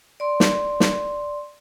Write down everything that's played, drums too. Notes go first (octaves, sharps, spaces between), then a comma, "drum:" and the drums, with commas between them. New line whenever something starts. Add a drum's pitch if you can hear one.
D5 C6
drum: snare
drum: snare